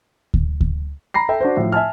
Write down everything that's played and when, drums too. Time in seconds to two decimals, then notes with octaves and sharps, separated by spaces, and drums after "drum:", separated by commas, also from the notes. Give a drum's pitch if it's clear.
0.34 drum: kick D2
0.61 drum: kick D2
1.14 A#5 B5 A#6 C7
1.29 A4 E5 G5
1.41 D4 F#4 C5
1.57 A2 F3
1.72 E5 G#5 A5 F6